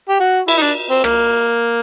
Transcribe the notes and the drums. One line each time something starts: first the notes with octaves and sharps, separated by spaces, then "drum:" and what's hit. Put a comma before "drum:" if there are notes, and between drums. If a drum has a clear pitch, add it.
G4
F#4
E4, drum: cymbal
D#4
D4
C4
A#3, drum: rim click